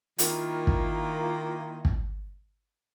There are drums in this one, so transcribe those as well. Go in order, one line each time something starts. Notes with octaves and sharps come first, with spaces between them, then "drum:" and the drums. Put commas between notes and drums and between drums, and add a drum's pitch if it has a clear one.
D#3 A#3 E4 F4, drum: hi-hat
drum: kick
drum: kick